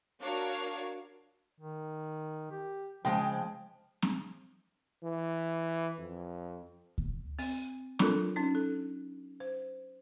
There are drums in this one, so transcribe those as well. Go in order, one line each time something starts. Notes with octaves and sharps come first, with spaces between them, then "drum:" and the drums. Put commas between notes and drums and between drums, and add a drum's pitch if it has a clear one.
D4 F#4 A#4 C#5 F5
D#3
G4
C#3 F3 G#3 G5
F3
drum: snare C4
E3
F2
drum: kick D2
C4, drum: open hi-hat
F#3 D4 F4 A4 A#4, drum: snare C4
C#4 D#4
A4
C5